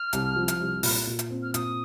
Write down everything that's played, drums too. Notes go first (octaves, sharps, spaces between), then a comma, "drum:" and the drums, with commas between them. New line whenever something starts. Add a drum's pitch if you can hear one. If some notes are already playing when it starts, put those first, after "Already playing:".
Already playing: F6
C2, drum: hi-hat
F3
drum: hi-hat
C2
A#2, drum: open hi-hat
A#2
drum: hi-hat
C4
F6
A#2 D#6, drum: hi-hat